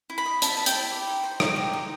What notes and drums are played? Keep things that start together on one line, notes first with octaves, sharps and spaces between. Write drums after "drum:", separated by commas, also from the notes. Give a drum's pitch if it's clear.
E4
B5
D#5
E4 A5, drum: hi-hat
B4 A5
G5, drum: hi-hat
E4
G4
D#4
C5
D#4, drum: rim click
G4
D#4